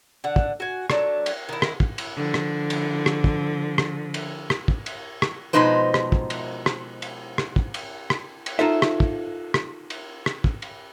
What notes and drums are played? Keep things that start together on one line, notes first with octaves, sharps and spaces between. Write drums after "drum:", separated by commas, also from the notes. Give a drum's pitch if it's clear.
D3 F#5
drum: kick
F#4 G#5
F#3 A3 D4, drum: rim click
drum: cymbal
D#3 E4
drum: rim click
drum: kick
drum: cymbal
D3 F3
drum: rim click
drum: cymbal
drum: rim click
drum: kick
drum: rim click
drum: cymbal
drum: rim click
drum: kick
drum: cymbal
drum: rim click
B2 F3 G#3 D#4 B4 C5
drum: rim click
drum: kick
drum: cymbal
drum: rim click
drum: cymbal
drum: rim click
drum: kick
drum: cymbal
drum: rim click
drum: cymbal
D#4 F4 A4 C5 E5
drum: rim click
drum: kick
drum: rim click
drum: cymbal
drum: rim click
drum: kick
drum: cymbal